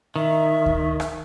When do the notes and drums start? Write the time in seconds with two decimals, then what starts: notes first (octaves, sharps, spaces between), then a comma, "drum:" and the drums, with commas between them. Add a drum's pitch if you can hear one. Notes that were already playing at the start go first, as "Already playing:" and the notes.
0.16 D#3 E5
0.66 drum: kick D2
1.00 drum: rim click